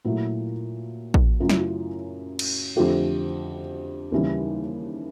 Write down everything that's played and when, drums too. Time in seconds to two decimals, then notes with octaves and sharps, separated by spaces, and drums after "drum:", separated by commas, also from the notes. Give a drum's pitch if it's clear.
0.05 A#2 F#3 A3 E4
1.14 drum: kick
1.40 F#2 C#3 F#3 A3 F4
1.49 E4, drum: snare
1.59 F4
2.39 drum: cymbal
2.76 F2 D3 F3 A3 G4
4.12 D#2 C#3 E3 G3